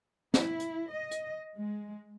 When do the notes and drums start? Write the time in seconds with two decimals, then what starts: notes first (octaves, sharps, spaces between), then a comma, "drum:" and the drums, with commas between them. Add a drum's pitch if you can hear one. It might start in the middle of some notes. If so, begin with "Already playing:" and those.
0.34 E4, drum: snare
0.60 drum: hi-hat
0.91 D#5
1.11 drum: hi-hat
1.55 G#3